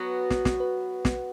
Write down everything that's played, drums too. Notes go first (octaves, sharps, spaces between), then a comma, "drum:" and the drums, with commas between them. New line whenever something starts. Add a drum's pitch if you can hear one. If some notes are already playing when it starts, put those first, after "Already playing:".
Already playing: F#3 B3 F#4 B4
drum: snare
drum: snare
B4
drum: snare